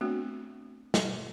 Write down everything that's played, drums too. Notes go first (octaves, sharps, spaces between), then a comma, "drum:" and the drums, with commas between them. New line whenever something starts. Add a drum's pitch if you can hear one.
A3 B3 C4 D4 F#4
drum: snare